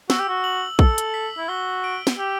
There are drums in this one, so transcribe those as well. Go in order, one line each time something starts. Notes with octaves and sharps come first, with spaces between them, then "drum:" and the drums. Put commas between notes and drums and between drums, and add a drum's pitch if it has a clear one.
F#4 E6, drum: snare
G4
F#4
F#7
A4 E6, drum: kick
drum: hi-hat
B6
E4
F#4 G7
D7
drum: snare
G4 E6